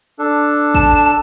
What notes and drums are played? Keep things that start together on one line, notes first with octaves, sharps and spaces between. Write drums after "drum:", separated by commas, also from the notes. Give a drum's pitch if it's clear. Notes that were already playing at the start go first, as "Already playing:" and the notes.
D4 A4
A5, drum: kick